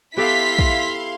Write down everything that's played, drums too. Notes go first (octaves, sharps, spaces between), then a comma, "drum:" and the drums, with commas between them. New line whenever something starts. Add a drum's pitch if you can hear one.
B3 E4 G4 A4 F5 C6 B6
drum: kick